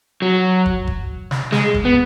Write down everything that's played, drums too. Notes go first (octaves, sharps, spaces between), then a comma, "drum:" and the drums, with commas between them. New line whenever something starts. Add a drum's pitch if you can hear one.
F#3
drum: kick
drum: kick
drum: snare
G#3, drum: snare
drum: kick
B3